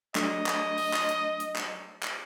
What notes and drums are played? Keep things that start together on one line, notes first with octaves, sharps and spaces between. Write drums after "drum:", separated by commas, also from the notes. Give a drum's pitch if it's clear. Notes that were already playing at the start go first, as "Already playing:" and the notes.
F#3 A3 D4 D#5, drum: clap
drum: clap
drum: open hi-hat
drum: clap
drum: hi-hat
drum: hi-hat
drum: clap
drum: clap